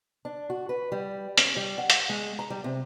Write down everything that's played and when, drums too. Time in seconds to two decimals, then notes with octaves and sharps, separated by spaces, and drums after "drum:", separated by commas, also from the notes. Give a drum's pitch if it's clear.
0.25 D4
0.50 F#4
0.69 B4
0.92 G3
1.37 C#4, drum: hi-hat
1.57 G3
1.78 F#5
1.90 drum: hi-hat
2.09 G#3
2.39 A#5
2.50 G3
2.64 C3